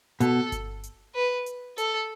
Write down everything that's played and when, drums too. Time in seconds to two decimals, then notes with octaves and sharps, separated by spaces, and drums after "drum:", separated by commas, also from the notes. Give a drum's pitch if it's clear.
0.20 B2 A4, drum: hi-hat
0.52 drum: kick G1, hi-hat
0.83 drum: hi-hat
1.15 B4
1.46 drum: hi-hat
1.78 A4, drum: hi-hat